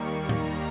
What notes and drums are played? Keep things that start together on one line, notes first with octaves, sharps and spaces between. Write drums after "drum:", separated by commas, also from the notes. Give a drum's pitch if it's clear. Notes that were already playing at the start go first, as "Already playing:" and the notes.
Already playing: D#2 D#3 G3 A#3 C#6
A#5, drum: tom